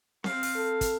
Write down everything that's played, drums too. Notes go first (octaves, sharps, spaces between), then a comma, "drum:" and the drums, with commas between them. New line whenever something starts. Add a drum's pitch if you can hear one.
C4 F5, drum: snare C4
drum: open hi-hat
A4
drum: kick, hi-hat